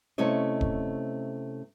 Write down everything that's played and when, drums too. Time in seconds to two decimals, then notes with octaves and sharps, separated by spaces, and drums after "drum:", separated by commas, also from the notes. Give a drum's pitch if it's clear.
0.18 C3 A3 C#4 E4 C#5 D#5
0.61 drum: kick